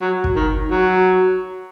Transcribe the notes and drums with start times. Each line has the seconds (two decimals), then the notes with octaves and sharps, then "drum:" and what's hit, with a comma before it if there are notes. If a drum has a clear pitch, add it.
0.01 F#3
0.24 drum: kick
0.36 D#3
0.71 F#3